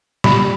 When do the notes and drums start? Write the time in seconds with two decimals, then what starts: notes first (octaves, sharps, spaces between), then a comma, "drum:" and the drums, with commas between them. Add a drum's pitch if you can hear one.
0.24 A#2 G3 B5, drum: snare